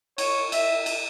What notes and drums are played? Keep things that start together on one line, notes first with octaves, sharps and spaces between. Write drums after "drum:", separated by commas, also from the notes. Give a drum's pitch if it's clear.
C#5, drum: cymbal
E5, drum: cymbal
drum: cymbal